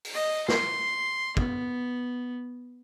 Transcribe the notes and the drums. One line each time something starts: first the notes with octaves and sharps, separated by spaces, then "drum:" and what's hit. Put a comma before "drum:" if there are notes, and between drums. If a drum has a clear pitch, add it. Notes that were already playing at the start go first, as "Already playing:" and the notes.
drum: open hi-hat
D#5
C6, drum: snare
B3, drum: kick